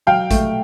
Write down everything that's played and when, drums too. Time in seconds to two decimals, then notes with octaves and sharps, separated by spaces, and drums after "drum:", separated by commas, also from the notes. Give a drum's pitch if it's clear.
0.07 F#3 F5 G5
0.31 A3, drum: kick A1, hi-hat